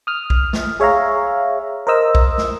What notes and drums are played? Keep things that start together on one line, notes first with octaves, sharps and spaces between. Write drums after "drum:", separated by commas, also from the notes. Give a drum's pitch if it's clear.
D#6 F6
drum: kick B1
drum: snare
G#4 C#5 E5 F5 A#5
A#4 C5 D#5 E6
drum: kick B1
drum: snare